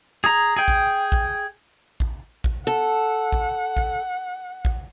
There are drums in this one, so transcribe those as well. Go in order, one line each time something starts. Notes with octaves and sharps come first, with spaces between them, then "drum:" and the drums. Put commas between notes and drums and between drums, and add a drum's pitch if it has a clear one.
G#4 A#5
G#4 G5
drum: kick A1
drum: kick A1
drum: kick A1
drum: kick A1
A4 F#5
drum: kick A1
drum: kick A1
drum: kick A1